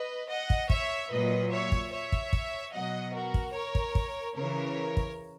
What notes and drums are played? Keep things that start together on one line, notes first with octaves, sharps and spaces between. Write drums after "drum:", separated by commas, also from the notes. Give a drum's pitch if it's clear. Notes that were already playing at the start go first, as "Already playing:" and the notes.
Already playing: B4 D#5
D#5 F#5
drum: kick
C#5 E5, drum: kick
A#2 F#3 B4 D#5
C#5 E5
drum: kick
C#5 E5
drum: kick
drum: kick
B2 F#3 D#5 F#5
F#4 A#4
drum: kick
A#4 C#5
drum: kick
drum: kick
C#3 E3 A#4 C#5
drum: kick